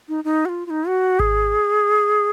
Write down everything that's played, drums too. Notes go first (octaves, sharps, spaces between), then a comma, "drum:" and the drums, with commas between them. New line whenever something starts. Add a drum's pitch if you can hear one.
D#4
D#4
F#4
F4
F4
D#4
F#4
G#4, drum: kick G#1